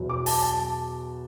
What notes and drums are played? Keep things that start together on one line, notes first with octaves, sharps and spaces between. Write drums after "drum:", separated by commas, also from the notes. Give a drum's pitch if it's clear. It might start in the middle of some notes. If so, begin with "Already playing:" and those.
Already playing: E2 B2 F#3
D6
A5, drum: open hi-hat
A5